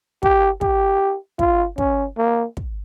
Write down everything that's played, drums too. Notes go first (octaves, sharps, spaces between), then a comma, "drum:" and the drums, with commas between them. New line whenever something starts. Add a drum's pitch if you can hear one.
G4, drum: kick
G4, drum: kick
F4, drum: kick
C#4, drum: kick
A#3
drum: kick